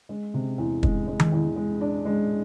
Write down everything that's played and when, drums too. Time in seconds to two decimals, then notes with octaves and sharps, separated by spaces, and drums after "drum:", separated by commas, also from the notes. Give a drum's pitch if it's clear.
0.09 G#3
0.34 C3
0.58 E2
0.83 G#3, drum: kick
1.08 G#3
1.20 drum: tom D#3
1.32 E2
1.56 G#3
1.81 D4
2.05 G#3